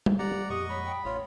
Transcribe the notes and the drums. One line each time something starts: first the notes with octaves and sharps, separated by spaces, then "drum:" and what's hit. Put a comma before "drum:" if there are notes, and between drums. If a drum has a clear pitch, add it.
drum: tom
G4 D5 F#5 A#5
G3
F2 A#2 G#3 G4 D#5 F#5 C#6 D#6
C#5 B5
G5
A1 F4 C#5